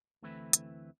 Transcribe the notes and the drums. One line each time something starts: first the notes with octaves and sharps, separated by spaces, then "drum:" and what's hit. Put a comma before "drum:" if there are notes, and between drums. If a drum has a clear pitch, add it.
D2 E3 A3 C4 E4 B4
drum: hi-hat